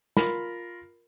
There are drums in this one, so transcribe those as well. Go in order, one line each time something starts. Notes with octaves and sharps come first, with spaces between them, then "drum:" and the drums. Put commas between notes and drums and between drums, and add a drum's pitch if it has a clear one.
F4 A#4 B5, drum: snare